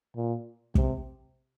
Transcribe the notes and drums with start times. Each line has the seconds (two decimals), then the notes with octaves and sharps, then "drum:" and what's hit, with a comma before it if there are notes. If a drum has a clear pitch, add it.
0.16 A#2
0.75 C3, drum: kick